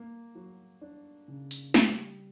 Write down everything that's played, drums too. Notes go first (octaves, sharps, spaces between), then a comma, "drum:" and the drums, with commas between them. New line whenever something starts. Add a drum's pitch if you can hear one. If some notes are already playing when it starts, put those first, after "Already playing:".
Already playing: A#3
F#3
D4
C#3
drum: hi-hat
G3, drum: snare